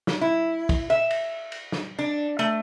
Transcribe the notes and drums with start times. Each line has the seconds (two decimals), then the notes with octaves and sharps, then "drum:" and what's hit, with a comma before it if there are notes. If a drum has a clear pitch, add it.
0.07 drum: snare
0.21 E4
0.69 drum: kick, cymbal
0.90 E5
1.11 drum: cymbal
1.52 drum: cymbal
1.72 drum: snare
1.99 D4
2.39 A3